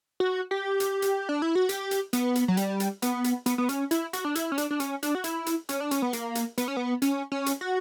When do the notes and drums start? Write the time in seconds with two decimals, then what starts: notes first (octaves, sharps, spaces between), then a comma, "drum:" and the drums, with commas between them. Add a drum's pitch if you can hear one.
0.20 F#4
0.51 G4
0.80 drum: hi-hat
1.02 drum: hi-hat
1.29 D4
1.42 E4
1.55 F#4
1.69 G4, drum: hi-hat
1.91 drum: hi-hat
2.13 B3, drum: hi-hat
2.35 drum: hi-hat
2.48 F#3
2.57 G3, drum: hi-hat
2.80 drum: hi-hat
3.02 B3, drum: hi-hat
3.24 drum: hi-hat
3.46 B3, drum: hi-hat
3.58 B3
3.69 C#4, drum: hi-hat
3.91 E4, drum: hi-hat
4.13 F#4, drum: hi-hat
4.25 D4
4.35 E4, drum: hi-hat
4.52 C#4
4.58 D4, drum: hi-hat
4.71 D4
4.80 C#4, drum: hi-hat
5.03 D4, drum: hi-hat
5.15 F#4
5.24 E4, drum: hi-hat
5.46 drum: hi-hat
5.69 C#4, drum: hi-hat
5.80 D4
5.91 C#4, drum: hi-hat
6.02 B3
6.13 A#3, drum: hi-hat
6.35 drum: hi-hat
6.58 B3, drum: hi-hat
6.68 C#4
6.77 B3
7.02 C#4, drum: hi-hat
7.32 C#4
7.46 drum: hi-hat
7.61 F#4